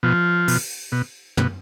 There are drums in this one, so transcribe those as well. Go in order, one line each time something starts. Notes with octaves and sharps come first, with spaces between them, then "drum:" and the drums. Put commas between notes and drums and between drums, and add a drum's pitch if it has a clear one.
B2 F3
B2, drum: open hi-hat
B2
B2, drum: tom